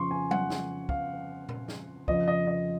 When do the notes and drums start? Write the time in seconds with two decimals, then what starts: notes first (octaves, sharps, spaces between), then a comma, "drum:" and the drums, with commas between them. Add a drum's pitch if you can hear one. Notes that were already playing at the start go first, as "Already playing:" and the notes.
Already playing: F2 C#3 F3 C6 C#6
0.11 G#5
0.31 F#5, drum: tom F#3
0.50 drum: snare
0.89 F5, drum: kick
1.49 drum: tom A#2
1.68 drum: snare
2.08 F2 C#3 F3 D#5, drum: kick
2.28 D#5
2.47 D#5